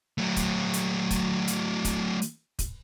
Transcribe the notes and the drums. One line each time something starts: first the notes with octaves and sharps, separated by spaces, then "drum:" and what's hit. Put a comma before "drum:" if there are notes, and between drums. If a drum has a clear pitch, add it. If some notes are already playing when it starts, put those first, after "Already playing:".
F#3 A3
drum: kick, hi-hat
drum: hi-hat
drum: kick, hi-hat
drum: hi-hat
drum: kick, hi-hat
drum: hi-hat
drum: kick, hi-hat